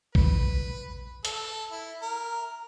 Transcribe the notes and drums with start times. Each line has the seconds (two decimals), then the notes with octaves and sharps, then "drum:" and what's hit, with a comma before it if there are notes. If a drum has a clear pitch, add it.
0.15 B4, drum: kick A#1
1.25 A4, drum: hi-hat
1.71 E4
2.02 A#4